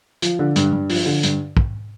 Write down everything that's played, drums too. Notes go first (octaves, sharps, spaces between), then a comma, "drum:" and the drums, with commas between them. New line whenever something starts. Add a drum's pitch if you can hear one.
F3, drum: hi-hat
D3
G2, drum: hi-hat
G2
F3, drum: open hi-hat
D3
G2, drum: hi-hat
drum: kick